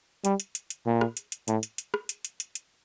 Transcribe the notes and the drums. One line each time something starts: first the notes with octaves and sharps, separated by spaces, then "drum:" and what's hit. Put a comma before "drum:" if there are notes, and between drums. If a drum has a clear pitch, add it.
G3, drum: hi-hat
drum: hi-hat
drum: hi-hat
drum: hi-hat
A#2
drum: rim click
drum: hi-hat
drum: hi-hat
A2, drum: hi-hat
drum: hi-hat
drum: hi-hat
drum: rim click
drum: hi-hat
drum: hi-hat
drum: hi-hat
drum: hi-hat